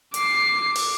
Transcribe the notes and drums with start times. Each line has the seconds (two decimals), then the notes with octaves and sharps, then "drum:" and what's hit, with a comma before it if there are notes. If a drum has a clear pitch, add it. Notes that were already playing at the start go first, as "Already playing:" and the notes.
0.14 D6 C7, drum: hi-hat
0.75 drum: open hi-hat